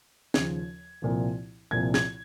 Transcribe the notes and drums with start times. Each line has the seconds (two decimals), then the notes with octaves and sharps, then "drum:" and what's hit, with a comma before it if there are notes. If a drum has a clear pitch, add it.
0.34 D#2 C#3 F3 G#6, drum: snare
1.02 C2 A#2 F3
1.71 C2 A#2 F3 G#6
1.94 G#6, drum: snare